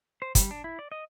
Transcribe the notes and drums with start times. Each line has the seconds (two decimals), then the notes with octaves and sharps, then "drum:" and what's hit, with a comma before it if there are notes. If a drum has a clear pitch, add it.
0.22 C5
0.35 G3, drum: kick, hi-hat
0.51 D4
0.64 E4
0.79 D5
0.92 D#5